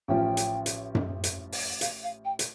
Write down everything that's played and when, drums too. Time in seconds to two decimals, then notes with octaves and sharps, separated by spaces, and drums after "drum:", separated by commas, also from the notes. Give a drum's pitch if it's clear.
0.08 A1 A2 F3 C#4 F4 G5
0.37 drum: hi-hat
0.66 drum: hi-hat
0.95 drum: tom F#2
1.24 drum: hi-hat
1.52 drum: open hi-hat
1.81 F5, drum: hi-hat
2.03 F5
2.25 G5
2.39 drum: hi-hat